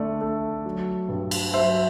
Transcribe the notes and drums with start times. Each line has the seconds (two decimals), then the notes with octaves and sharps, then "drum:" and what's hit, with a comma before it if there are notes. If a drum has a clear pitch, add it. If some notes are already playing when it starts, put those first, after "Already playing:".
Already playing: D3 A3 D5
0.21 A3
0.66 F#3
1.09 G2
1.31 drum: cymbal
1.54 F#3 C5 E5